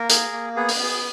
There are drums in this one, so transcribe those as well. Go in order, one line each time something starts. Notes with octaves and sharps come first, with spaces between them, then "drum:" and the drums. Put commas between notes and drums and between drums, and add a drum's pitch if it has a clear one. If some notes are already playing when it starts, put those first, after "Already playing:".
Already playing: A#3 A#4
G#4, drum: hi-hat
A#3
B3 G#4
drum: open hi-hat
B3 G#4